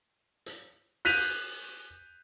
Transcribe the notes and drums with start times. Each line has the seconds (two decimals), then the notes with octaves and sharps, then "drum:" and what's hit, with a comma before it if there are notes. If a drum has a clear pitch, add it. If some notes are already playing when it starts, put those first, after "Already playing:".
0.46 drum: hi-hat
1.05 F#6 G6 B6 D#7 F7, drum: open hi-hat